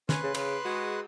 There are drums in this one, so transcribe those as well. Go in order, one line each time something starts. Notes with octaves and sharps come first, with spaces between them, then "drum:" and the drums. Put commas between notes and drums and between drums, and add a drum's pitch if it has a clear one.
C#4 B4 C6 F#6, drum: snare
C#3
C#3, drum: cymbal
G#3 F#4